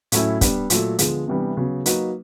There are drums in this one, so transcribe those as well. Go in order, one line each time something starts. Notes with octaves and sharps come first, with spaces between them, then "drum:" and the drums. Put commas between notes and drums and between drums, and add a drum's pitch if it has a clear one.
A2 F#3 A3 C#4 E4, drum: hi-hat
G3 B3 D4, drum: kick, hi-hat
A#2 F#3 A3, drum: hi-hat
D3 F3 G#3 B3, drum: hi-hat
C3 E3 G3 B3 D4
C#3 F#3 B3
F#3 A#3 D#4 F#4 B4, drum: hi-hat